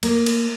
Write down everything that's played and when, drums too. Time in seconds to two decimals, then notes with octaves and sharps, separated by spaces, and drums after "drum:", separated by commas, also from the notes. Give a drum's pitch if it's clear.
0.03 A#3, drum: cymbal
0.26 drum: cymbal